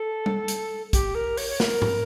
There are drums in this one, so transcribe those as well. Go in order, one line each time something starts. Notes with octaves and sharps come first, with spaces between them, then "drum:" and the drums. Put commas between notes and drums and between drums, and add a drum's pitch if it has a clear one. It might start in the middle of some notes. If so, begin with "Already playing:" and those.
Already playing: A4
drum: tom G3
drum: hi-hat
G4, drum: kick, hi-hat
A#4
C#5, drum: open hi-hat
C#5
A#4, drum: snare
drum: tom G#2